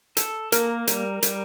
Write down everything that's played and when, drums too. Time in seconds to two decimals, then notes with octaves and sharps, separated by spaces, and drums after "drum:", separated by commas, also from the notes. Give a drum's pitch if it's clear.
0.17 A4, drum: hi-hat
0.52 A#3 A#4, drum: hi-hat
0.87 G3, drum: hi-hat
1.23 G3, drum: hi-hat